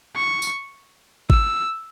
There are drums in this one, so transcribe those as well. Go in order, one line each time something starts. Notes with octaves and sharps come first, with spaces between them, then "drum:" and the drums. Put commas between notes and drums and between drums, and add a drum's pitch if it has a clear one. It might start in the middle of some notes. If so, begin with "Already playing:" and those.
C#6
drum: tambourine
E6, drum: kick G#1